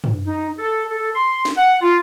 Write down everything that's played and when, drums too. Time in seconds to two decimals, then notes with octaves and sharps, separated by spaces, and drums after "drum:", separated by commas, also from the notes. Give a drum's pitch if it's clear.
0.04 drum: tom
0.24 D#4
0.58 A4
0.91 A4
1.15 C6
1.45 drum: snare
1.57 F#5
1.81 F4